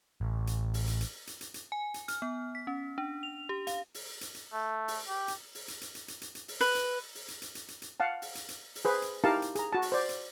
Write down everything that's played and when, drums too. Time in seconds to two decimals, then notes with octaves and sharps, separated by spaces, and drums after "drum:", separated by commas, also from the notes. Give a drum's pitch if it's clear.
0.21 A1
0.47 drum: hi-hat
0.74 drum: open hi-hat
0.87 drum: hi-hat
1.01 drum: hi-hat
1.27 drum: hi-hat
1.41 drum: hi-hat
1.54 drum: hi-hat
1.72 G#5
1.94 drum: hi-hat
2.08 F6, drum: hi-hat
2.22 B3
2.55 B6
2.67 C#4
2.98 D4
3.23 F7
3.49 G4
3.67 F5, drum: hi-hat
3.94 drum: open hi-hat
4.21 drum: hi-hat
4.35 drum: hi-hat
4.53 A3
4.88 drum: open hi-hat
5.08 G4
5.28 drum: hi-hat
5.55 drum: open hi-hat
5.68 drum: hi-hat
5.81 drum: hi-hat
5.95 drum: hi-hat
6.08 drum: hi-hat
6.21 drum: hi-hat
6.35 drum: hi-hat
6.48 drum: open hi-hat
6.61 B4, drum: open hi-hat
6.75 drum: hi-hat
7.15 drum: open hi-hat
7.28 drum: hi-hat
7.42 drum: hi-hat
7.55 drum: hi-hat
7.68 drum: hi-hat
7.82 drum: hi-hat
8.00 F5 F#5 A5
8.22 drum: open hi-hat
8.35 drum: hi-hat
8.49 drum: hi-hat
8.75 drum: open hi-hat
8.85 G#4 B4 C5
9.02 drum: hi-hat
9.24 D#4 E4 G4 A#4 F5 A5
9.42 drum: hi-hat
9.55 G#4 A#5, drum: hi-hat
9.72 F#4 A5
9.82 drum: open hi-hat
9.92 C5 D5
10.09 drum: hi-hat